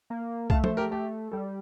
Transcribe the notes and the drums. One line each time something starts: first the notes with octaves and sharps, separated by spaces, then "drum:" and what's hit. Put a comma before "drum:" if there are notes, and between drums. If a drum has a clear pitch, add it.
A#3
A3 F5 A5, drum: kick
A4 C5, drum: tom
G4 A#4
A3 G4
G3 A4